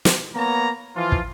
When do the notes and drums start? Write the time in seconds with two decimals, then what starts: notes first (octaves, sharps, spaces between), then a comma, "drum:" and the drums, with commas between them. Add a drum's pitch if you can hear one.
0.05 drum: snare
0.35 A#3 B3 C#5 A#5
0.96 E3 F3 F4
1.12 drum: kick